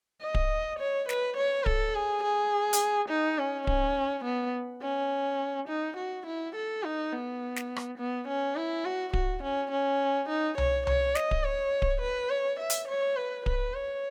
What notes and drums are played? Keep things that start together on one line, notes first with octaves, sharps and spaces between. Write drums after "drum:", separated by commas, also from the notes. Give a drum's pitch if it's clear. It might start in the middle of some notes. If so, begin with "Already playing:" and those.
D#5
drum: kick D1
C#5
B4, drum: snare
C#5
A4, drum: kick D1
G#4
G#4
drum: hi-hat
D#4
C#4
C#4, drum: kick D1
B3
C#4
D#4
F#4
E4
A4
D#4
B3
drum: snare
drum: rim click
B3
C#4
E4
F#4
F#4, drum: kick D1
C#4
C#4
D#4
C#5, drum: tom C2
C#5, drum: tom C2
D#5, drum: snare
drum: kick D1
C#5
drum: kick D1
B4
C#5
E5
drum: hi-hat
C#5
B4
B4, drum: kick D1
C#5